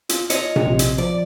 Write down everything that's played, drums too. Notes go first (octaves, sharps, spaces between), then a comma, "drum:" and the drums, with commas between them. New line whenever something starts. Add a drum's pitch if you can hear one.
F4, drum: hi-hat
F4 C#5 D#5 C#7, drum: hi-hat
drum: tom A#2
A#1 C3
drum: hi-hat
F3 D5